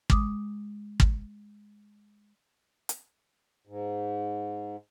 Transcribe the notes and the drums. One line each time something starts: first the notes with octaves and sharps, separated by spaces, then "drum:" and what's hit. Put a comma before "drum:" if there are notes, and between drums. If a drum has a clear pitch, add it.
G#3 D6 D#6, drum: kick
drum: kick
drum: hi-hat
G#2